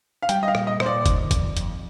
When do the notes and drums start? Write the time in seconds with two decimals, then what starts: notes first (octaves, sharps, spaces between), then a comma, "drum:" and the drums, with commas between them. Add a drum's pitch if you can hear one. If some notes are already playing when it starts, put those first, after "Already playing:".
0.22 F5
0.29 G3 G5, drum: hi-hat
0.43 D#5
0.48 F5
0.55 A#2, drum: rim click
0.67 D#5
0.80 A#2 C5, drum: rim click
0.86 D5
1.06 D#3, drum: kick F#1, hi-hat
1.31 F2, drum: kick F#1, hi-hat
1.57 F2, drum: hi-hat